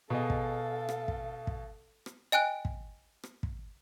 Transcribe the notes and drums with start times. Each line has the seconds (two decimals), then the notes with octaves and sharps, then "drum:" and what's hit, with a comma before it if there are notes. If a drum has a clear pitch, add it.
0.10 B2 G#4 A4 D#5 F5
0.30 drum: kick
0.89 drum: rim click
1.08 drum: kick
1.47 drum: kick
2.06 drum: rim click
2.32 D#5 G5 G#5 F#6 D7
2.65 drum: kick
3.23 drum: rim click
3.43 drum: kick